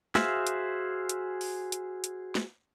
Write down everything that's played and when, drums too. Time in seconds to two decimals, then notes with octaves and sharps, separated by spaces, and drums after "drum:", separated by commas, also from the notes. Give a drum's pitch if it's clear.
0.15 F#4 G#4 C5 E5 F5, drum: snare
0.47 drum: hi-hat
1.09 drum: hi-hat
1.41 drum: open hi-hat
1.72 drum: hi-hat
2.04 drum: hi-hat
2.35 drum: snare